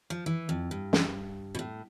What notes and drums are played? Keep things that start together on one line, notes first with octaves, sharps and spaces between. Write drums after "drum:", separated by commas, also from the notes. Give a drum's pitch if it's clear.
F3
E3
F2
G2
drum: snare
B2
A2